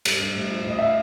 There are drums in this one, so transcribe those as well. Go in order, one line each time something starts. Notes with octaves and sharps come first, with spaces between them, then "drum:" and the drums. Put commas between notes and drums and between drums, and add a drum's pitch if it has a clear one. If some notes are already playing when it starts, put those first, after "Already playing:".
G2, drum: cymbal
G2
A2
F3
A2 D#5
A2 E5
F5